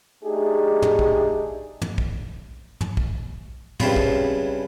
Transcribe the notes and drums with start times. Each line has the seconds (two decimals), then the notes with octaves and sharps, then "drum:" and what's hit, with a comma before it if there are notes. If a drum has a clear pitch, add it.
0.23 A3 D4 D#4 G4 G#4
0.82 drum: tom
0.99 drum: kick
1.82 drum: tom
1.98 drum: kick
2.81 drum: tom
2.97 drum: kick
3.80 G2 C#3 C4 C#4 E4 F4, drum: tom
3.96 drum: kick